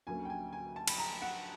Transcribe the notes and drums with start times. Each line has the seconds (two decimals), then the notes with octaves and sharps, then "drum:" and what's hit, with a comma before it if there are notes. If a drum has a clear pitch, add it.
0.07 D2 D3 F#3 A#3 C#4 G#5
0.25 G5
0.30 G#5
0.53 G#5
0.76 A5
0.88 B5, drum: cymbal
0.98 A#5
1.22 F#5